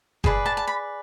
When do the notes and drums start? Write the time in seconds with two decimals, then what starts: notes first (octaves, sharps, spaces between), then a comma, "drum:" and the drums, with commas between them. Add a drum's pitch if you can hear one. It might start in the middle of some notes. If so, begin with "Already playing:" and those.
0.24 G#4 B4 D5 A5, drum: kick F#1
0.46 A5
0.57 A5
0.67 B5